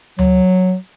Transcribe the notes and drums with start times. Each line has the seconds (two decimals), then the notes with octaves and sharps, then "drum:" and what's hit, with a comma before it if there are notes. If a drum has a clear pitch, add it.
0.19 F#3, drum: tom D2